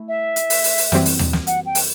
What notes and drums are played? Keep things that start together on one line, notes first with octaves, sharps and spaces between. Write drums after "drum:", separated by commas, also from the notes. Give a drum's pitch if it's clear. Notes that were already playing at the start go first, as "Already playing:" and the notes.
Already playing: A3 E4
E5
drum: hi-hat
drum: open hi-hat
drum: open hi-hat
drum: open hi-hat
F#2 E3 G3 C4 F#4, drum: snare
drum: open hi-hat
drum: tom D#2
drum: snare
F#5, drum: hi-hat
G5
drum: open hi-hat